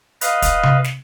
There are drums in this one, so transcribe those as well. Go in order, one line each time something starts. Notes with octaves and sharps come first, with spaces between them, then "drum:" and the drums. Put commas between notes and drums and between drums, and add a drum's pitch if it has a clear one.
B4 D#5 F5, drum: hi-hat
drum: kick, hi-hat
drum: tom C3
drum: snare